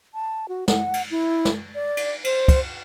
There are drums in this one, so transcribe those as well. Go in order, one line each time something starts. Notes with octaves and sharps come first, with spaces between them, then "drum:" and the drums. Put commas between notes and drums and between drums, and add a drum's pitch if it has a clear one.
A5
F#4
F#5, drum: snare
drum: cymbal
E4
drum: snare
D5
drum: cymbal
C5, drum: cymbal
drum: kick, cymbal